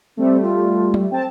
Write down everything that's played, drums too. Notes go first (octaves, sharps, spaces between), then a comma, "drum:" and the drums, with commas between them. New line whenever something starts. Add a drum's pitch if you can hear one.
G3 A3 C4
F4
drum: tom F#3
C4 G5 A5